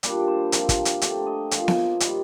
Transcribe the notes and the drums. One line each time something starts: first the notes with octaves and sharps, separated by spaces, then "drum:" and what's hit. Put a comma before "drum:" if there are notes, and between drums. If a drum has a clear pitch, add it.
A#2 G3 D4 D5, drum: hi-hat
C5
C3 F3 C4 A#4, drum: hi-hat
drum: kick, hi-hat
drum: hi-hat
D3 A3 C4 G4, drum: hi-hat
D#5
A#2 F3 C4 F5, drum: hi-hat
drum: snare B3
C3 D#3 G3, drum: hi-hat